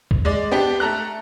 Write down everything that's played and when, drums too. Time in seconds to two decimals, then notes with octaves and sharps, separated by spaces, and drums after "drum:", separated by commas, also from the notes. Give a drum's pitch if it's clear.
0.11 drum: kick C#2
0.25 G#3 D5
0.51 B3 D4 G4
0.80 A3 A4 A#5 F#6